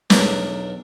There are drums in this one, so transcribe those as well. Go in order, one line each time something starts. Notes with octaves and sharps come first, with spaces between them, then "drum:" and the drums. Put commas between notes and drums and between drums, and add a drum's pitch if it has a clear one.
B1 E2 D4 A#4, drum: snare